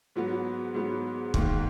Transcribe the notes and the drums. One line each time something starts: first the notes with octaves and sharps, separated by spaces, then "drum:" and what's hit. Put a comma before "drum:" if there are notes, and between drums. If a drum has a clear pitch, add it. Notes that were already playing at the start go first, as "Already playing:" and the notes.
G#2 F#3 B3
G#2 F#3 B3
G#2 D#3 A#3, drum: kick